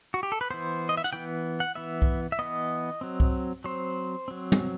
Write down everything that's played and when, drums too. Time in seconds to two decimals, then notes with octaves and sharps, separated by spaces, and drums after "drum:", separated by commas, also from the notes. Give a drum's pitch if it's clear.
0.14 F#4
0.23 G4
0.32 A4
0.41 B4
0.50 E3 B3 C5
0.89 D#5
0.97 E5
1.04 F#5, drum: hi-hat
1.13 E3 B3 G5
1.60 F#5
1.75 E3 B3 E5
2.02 drum: kick C2
2.32 E5
2.39 E3 B3 D#5
3.01 F#3 C4
3.20 drum: kick C2
3.64 F#3 C4 C5
4.28 F#3 C4
4.52 drum: tom